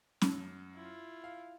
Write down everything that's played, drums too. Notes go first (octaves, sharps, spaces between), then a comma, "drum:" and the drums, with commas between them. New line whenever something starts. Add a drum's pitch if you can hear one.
F#2, drum: snare
E4 F4
F5